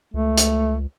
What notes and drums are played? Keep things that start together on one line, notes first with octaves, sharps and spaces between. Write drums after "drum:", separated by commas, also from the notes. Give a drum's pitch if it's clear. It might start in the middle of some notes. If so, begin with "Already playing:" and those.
C#2 A3
drum: hi-hat